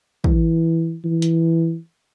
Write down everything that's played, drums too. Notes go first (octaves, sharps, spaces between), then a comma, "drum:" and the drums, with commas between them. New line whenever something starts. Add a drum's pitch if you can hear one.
E3, drum: kick
E3
drum: hi-hat